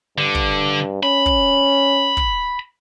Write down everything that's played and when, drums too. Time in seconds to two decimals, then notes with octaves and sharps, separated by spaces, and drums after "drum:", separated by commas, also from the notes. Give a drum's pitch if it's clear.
0.18 G2 D3
0.35 drum: kick
1.03 C#4 B5
1.26 drum: kick
2.17 drum: kick